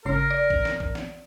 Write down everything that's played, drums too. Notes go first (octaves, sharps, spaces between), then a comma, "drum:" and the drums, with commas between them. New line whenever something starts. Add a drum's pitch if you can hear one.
G#1 C#3 A#4 C7
D5
drum: kick
drum: snare
drum: kick
drum: snare